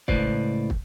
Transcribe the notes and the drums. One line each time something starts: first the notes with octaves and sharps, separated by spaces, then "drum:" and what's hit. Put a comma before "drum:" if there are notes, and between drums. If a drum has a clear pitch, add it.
C#2 A2 B4 C5 D5, drum: kick
drum: kick